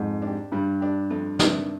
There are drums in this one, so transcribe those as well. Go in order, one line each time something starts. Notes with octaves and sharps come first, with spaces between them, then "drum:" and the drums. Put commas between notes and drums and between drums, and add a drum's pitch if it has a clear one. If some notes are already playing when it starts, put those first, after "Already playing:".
Already playing: F2 G#2
D4 G4
G2 G3
D4 G4
F2
C3 D#3 B3 D4, drum: snare